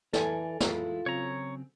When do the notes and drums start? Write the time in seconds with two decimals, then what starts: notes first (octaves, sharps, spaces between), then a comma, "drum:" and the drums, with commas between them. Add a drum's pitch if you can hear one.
0.13 E3 A4 A#4 D5 G#5, drum: snare
0.60 E3 G#3 E4 F4, drum: snare
1.06 C#3 F#3 C4 C#5 A#5